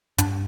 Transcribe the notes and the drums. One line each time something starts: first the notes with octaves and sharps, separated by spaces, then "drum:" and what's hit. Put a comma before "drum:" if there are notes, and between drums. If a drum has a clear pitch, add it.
G2 D4, drum: hi-hat